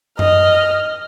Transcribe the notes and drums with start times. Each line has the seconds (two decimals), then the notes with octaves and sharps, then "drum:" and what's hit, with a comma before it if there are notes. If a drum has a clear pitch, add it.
0.19 D#5 F6, drum: tom F#2